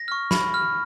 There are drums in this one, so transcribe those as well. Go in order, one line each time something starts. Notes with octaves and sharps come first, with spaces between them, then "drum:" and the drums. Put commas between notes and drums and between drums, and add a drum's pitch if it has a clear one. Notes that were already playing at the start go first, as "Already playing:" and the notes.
Already playing: A#6
C#6 F6
B5, drum: snare
F6